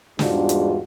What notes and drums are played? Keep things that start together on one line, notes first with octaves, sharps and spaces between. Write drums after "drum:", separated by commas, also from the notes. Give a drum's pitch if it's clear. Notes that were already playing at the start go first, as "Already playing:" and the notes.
E2 G#2 G3 D4 F4 F#4, drum: snare
drum: hi-hat